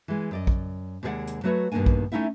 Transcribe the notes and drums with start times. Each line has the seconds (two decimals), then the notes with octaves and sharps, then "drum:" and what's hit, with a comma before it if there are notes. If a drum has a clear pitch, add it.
0.08 E3 G#3
0.31 F#2 D5 D#5
0.47 drum: kick A#1
1.03 D#2 C3 G#3 G#4 D5 F#5
1.27 drum: hi-hat
1.44 F#3 A3 F#4 B4 C#5
1.72 G2 B2 D#3 A#3 D4 G#5
1.86 drum: kick A#1
2.12 A3 C#4 D#4 E4 E5